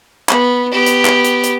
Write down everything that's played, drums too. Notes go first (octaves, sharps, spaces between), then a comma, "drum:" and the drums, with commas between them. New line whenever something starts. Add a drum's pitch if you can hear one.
B3, drum: clap
B3 G4
drum: hi-hat
drum: clap
drum: hi-hat
drum: hi-hat